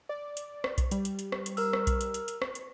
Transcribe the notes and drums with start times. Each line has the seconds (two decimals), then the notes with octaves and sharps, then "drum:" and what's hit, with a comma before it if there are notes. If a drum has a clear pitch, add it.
0.09 D5
0.37 drum: hi-hat
0.64 drum: rim click
0.78 drum: kick B1, hi-hat
0.91 G3, drum: hi-hat
1.05 drum: hi-hat
1.19 drum: hi-hat
1.32 drum: rim click
1.46 drum: hi-hat
1.57 A#4 E6, drum: open hi-hat
1.73 drum: rim click
1.87 drum: kick B1, hi-hat
2.01 drum: hi-hat
2.14 drum: hi-hat
2.28 drum: hi-hat
2.42 drum: rim click
2.55 drum: hi-hat